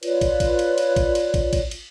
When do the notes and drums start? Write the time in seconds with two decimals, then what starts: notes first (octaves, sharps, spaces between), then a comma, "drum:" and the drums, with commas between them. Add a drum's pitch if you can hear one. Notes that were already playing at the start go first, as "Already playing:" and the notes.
0.03 F4 B4 C#5 D5, drum: cymbal
0.21 drum: kick, cymbal
0.40 drum: kick, cymbal
0.59 drum: cymbal
0.78 drum: cymbal
0.96 drum: kick, cymbal
1.15 drum: cymbal
1.34 drum: kick, cymbal
1.53 drum: kick, cymbal
1.71 drum: cymbal